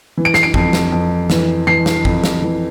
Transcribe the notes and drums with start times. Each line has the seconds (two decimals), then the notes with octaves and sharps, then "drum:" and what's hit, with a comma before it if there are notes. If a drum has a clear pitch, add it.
0.17 E3
0.25 D7
0.34 C7, drum: snare
0.43 D7
0.54 F2, drum: kick
0.73 drum: snare
0.92 F2
1.30 E3, drum: snare
1.67 E3 C7
1.86 drum: snare
2.05 F2, drum: kick
2.24 drum: snare
2.42 E3